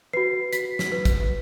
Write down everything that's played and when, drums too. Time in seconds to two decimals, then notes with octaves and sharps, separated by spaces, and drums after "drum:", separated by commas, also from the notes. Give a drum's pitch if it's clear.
0.13 F#4 B4 C7
0.53 F#4 B6, drum: hi-hat
0.79 drum: snare
0.92 B4
1.05 drum: kick, hi-hat